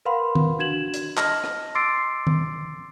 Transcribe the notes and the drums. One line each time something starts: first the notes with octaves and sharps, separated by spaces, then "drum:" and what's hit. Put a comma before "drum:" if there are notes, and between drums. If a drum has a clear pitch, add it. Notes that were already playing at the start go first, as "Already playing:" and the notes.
A#4 B4 F5 F#5 B5 C6
drum: tom D#3
D4 F#4 G#6 E7 F#7
drum: hi-hat
D#5 A5 F6 A#6, drum: clap
drum: rim click
C6 D6 E6 A6 C7 D7
drum: tom D#3